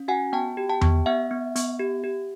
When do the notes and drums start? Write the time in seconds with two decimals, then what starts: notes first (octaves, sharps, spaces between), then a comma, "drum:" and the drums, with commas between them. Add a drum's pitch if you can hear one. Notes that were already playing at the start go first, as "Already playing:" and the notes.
Already playing: C#4
0.08 F#4 F#5 G#5
0.33 B3 G5 A5
0.57 G4
0.69 G5 A5
0.81 B3, drum: tom E2
1.06 B3 E5 F#5
1.31 B3
1.56 B3, drum: hi-hat
1.79 G4
2.04 G4